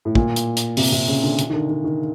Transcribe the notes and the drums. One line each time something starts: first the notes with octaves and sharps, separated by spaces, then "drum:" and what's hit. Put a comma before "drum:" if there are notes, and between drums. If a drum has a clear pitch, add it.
A2
A#2, drum: kick
drum: hi-hat
drum: hi-hat
C3, drum: open hi-hat
C3
C#3
D3
drum: hi-hat
D#3
D3
D3
D#3